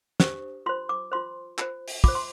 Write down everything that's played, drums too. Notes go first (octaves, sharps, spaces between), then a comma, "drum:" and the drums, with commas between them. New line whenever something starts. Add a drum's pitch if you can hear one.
D4 G4 C5, drum: snare
F4 C5 C6
D6
F4 C5 C6
F4 C5, drum: clap
drum: open hi-hat
F4 C5 D6, drum: kick
C6